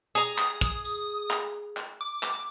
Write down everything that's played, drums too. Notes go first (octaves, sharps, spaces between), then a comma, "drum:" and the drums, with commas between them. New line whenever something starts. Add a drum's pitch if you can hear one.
G#4 A#5 D#6
drum: clap
drum: kick
drum: tambourine
drum: clap
drum: clap
D6
drum: clap